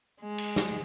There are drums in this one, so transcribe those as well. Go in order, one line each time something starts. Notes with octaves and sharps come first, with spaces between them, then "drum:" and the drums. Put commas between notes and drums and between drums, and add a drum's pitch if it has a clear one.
G#3
drum: cymbal
drum: snare